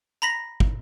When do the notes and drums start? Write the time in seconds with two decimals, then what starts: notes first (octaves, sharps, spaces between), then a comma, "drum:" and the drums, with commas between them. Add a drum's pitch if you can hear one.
0.22 A#5 B5 A#6 B6
0.60 drum: kick